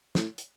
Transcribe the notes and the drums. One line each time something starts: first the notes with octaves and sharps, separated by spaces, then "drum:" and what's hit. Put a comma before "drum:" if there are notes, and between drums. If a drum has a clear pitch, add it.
A2, drum: snare
drum: hi-hat